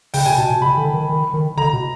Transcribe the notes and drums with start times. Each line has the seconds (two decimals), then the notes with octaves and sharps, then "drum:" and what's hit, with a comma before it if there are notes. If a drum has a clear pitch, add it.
0.14 C#3 G5, drum: open hi-hat
0.26 C3 G#5
0.38 B2 A5
0.50 B2
0.61 C3 B5
0.78 D3
0.94 D#3
1.09 D#3
1.33 D#3
1.57 D3 A#5
1.73 B2